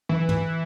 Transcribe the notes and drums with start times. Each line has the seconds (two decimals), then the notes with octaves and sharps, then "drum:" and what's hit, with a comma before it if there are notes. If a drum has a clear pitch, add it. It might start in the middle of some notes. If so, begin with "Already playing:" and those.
0.09 E3
0.29 drum: tom